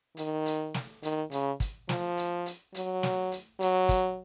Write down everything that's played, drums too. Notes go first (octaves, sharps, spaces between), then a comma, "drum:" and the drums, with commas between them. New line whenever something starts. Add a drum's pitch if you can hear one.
D#3, drum: hi-hat
drum: hi-hat
drum: snare
D#3, drum: hi-hat
C#3, drum: hi-hat
drum: kick, hi-hat
F3, drum: snare
drum: hi-hat
drum: hi-hat
F#3, drum: hi-hat
drum: snare
drum: hi-hat
F#3, drum: hi-hat
drum: kick, hi-hat